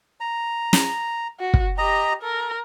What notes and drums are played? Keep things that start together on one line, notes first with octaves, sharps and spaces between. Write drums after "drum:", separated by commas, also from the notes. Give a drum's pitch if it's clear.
A#5
drum: snare
F#4
drum: kick
G4 D#5 A#5
A4 A#4